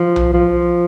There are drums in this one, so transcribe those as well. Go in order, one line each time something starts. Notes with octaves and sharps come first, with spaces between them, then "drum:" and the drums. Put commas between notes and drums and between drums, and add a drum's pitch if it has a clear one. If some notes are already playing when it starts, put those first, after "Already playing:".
Already playing: F3
drum: tom B1
F3